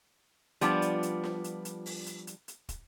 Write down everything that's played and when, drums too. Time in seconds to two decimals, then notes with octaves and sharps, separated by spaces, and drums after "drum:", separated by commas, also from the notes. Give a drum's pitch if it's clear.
0.61 F3 G3 B3 D4 F4, drum: hi-hat
0.82 drum: hi-hat
1.03 drum: hi-hat
1.23 drum: snare
1.44 drum: hi-hat
1.65 drum: hi-hat
1.86 drum: open hi-hat
2.06 drum: hi-hat
2.27 drum: hi-hat
2.48 drum: hi-hat
2.69 drum: kick, hi-hat